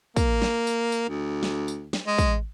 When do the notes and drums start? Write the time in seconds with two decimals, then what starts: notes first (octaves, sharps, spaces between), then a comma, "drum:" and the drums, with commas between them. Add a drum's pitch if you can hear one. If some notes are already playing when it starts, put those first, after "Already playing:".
0.16 A#3, drum: kick, tambourine
0.42 drum: snare
0.67 drum: tambourine
0.92 drum: tambourine
1.09 D2
1.43 drum: snare
1.68 drum: tambourine
1.93 drum: snare
2.07 G#3
2.18 drum: kick, tambourine